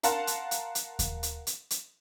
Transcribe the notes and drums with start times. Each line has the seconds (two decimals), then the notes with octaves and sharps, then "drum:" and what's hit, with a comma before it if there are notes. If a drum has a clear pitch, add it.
0.03 A#4 F5 F#5 A5 C6, drum: hi-hat
0.27 drum: hi-hat
0.51 drum: hi-hat
0.75 drum: hi-hat
0.99 drum: kick D#2, hi-hat
1.23 drum: hi-hat
1.47 drum: hi-hat
1.70 drum: hi-hat